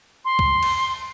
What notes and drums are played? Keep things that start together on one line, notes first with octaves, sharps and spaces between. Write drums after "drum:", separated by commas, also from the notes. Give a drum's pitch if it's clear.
C6
drum: kick C#2
drum: cymbal